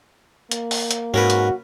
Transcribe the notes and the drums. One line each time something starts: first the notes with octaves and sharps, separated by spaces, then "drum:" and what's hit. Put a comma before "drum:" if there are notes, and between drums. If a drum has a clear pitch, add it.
A#3, drum: hi-hat
drum: open hi-hat
drum: hi-hat
G#2 C#4 F#4 A#4 B4
drum: hi-hat